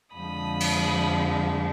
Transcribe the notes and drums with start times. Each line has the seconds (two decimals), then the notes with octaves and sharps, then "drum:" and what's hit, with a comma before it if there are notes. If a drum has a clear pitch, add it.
0.15 F2 D3 F3 G#3 B5 D#6
0.60 drum: cymbal